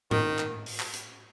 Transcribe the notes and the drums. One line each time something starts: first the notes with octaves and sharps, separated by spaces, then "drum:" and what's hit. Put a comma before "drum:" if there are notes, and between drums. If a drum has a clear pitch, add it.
D#3, drum: tom G#2
drum: clap
drum: open hi-hat
drum: clap
drum: hi-hat